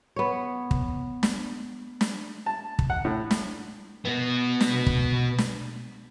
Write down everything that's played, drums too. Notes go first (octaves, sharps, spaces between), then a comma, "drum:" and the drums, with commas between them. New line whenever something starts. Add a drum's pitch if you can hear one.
B3 C#5
drum: kick
drum: snare
drum: snare
A5
drum: kick
F#5
A2
drum: snare
B2 B3
drum: snare
drum: kick
drum: snare